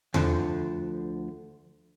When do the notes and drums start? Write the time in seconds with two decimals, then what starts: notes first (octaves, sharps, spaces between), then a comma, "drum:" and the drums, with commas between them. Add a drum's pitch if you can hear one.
0.14 D2 D3 F3, drum: tom E2